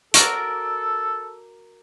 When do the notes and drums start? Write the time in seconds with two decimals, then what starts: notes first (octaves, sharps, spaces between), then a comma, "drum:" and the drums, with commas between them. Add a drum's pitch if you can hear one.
0.14 F#4 A4 A#4 D5, drum: hi-hat